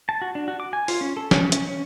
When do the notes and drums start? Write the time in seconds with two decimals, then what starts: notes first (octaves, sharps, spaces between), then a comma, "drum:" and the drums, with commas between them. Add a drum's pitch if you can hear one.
0.09 A5
0.22 F#4
0.35 D4
0.48 F#4
0.60 D6
0.73 G#5
0.88 F4, drum: open hi-hat
1.01 C#4
1.17 A4
1.31 C#4, drum: snare
1.52 C#4, drum: hi-hat
1.67 C#4